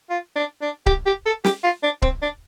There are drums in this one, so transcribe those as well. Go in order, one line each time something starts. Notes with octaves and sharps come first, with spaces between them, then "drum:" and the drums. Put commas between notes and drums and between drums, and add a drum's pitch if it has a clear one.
F4
D4
D4
G4, drum: kick C#1
G4
A4
G4, drum: snare
F4
D4
C4, drum: kick C#1
D4